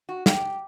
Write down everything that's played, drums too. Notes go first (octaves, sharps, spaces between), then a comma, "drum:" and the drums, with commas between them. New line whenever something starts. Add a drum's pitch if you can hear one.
F#4
G4, drum: snare